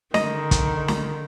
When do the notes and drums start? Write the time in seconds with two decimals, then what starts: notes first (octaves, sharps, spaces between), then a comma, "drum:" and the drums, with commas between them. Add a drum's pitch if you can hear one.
0.14 D3 D#3 D#5, drum: snare
0.51 drum: kick, hi-hat
0.88 drum: snare